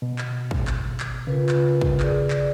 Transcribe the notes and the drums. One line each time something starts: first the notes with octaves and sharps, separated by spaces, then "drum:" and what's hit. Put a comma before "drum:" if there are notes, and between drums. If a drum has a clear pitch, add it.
B2
drum: clap
drum: kick
drum: clap
drum: clap
C#3 F4 A#4 B4
drum: clap
drum: kick
G#4 D5, drum: clap
drum: clap